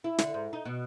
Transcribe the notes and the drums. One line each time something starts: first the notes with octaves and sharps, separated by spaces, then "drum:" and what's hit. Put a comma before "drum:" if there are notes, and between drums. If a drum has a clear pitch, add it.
E4
D3, drum: snare
G#2
D#4
B2